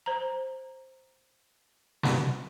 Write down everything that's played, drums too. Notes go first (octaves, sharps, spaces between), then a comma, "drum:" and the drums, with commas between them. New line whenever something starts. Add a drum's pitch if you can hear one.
C5 A#5
drum: snare